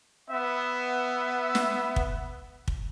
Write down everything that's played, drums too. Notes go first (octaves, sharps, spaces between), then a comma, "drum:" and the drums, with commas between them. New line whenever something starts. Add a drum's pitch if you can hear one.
B3 E5
drum: snare
drum: kick
drum: kick